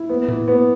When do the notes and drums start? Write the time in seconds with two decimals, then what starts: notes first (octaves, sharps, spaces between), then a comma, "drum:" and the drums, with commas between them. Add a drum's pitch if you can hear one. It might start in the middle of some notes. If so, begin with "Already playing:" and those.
Already playing: E4
0.09 B3
0.28 E3, drum: tom A2
0.48 B3